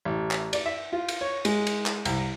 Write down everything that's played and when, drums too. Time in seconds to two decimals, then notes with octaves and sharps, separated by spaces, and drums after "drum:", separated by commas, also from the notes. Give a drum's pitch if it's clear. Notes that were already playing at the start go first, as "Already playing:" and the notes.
0.05 A1
0.31 drum: clap
0.53 D5, drum: cymbal
0.66 E5
0.93 F4
1.09 drum: cymbal
1.21 C#5
1.45 G#3, drum: cymbal
1.67 drum: cymbal
1.86 drum: clap
2.05 C2, drum: cymbal